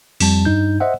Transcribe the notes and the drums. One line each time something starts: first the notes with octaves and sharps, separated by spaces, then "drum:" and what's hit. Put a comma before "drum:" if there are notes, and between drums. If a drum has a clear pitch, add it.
F2 G3 A5, drum: open hi-hat
G2 D#4 G6
C5 D#5 E5 F#5